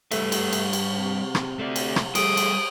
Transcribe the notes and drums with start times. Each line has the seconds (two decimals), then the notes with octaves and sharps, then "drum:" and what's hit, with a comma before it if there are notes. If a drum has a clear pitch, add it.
0.12 G3 A3 B4 E5, drum: cymbal
0.32 drum: cymbal
0.53 drum: cymbal
0.73 drum: cymbal
0.98 C3
1.35 drum: rim click
1.59 A3 D5
1.76 drum: cymbal
1.96 drum: rim click
2.15 G3 G#4 A4 D#6 D7, drum: cymbal
2.37 drum: cymbal